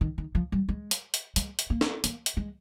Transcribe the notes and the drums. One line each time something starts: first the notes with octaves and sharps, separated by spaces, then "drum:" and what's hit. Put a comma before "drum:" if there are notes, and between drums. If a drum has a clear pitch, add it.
D#3
D#3
F3
G3
G#3
drum: hi-hat
drum: hi-hat
G#3, drum: hi-hat
drum: hi-hat
A#3
drum: snare
A#3, drum: hi-hat
drum: hi-hat
G#3